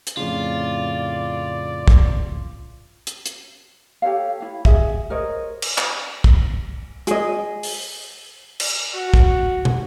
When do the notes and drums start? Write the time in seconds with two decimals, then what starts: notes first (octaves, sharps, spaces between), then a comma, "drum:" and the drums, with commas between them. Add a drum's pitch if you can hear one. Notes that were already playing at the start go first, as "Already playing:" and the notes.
0.07 drum: hi-hat
0.17 F2 A2 C#3 F4 D5
1.88 drum: kick
3.07 drum: hi-hat
3.26 drum: hi-hat
4.02 G4 A4 C#5 F5
4.40 E4 F5
4.65 G#4 D#5 E5 F#5, drum: kick
5.10 A#4 C5 C#5 D#5
5.62 drum: cymbal
5.78 drum: clap
6.24 drum: kick
7.07 G#4 D#5, drum: hi-hat
7.63 drum: open hi-hat
8.60 drum: cymbal
8.95 F#4
9.14 drum: kick
9.65 drum: tom